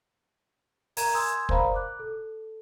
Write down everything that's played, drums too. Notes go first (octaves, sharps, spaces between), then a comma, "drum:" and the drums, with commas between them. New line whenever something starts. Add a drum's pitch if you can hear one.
A#4 A#5 G#6 D#7, drum: open hi-hat
G#5 C6 D#6 E6 G6 G#6
A#4 C5 D5 F5 A#5 B5, drum: kick
D6 F#6
A4